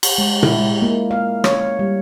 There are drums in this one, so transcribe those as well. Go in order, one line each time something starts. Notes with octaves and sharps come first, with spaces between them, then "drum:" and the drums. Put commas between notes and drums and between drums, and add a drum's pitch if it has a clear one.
drum: cymbal
G#3
E4, drum: tom A#2
G#3
A#3
F5
C#5, drum: rim click
G3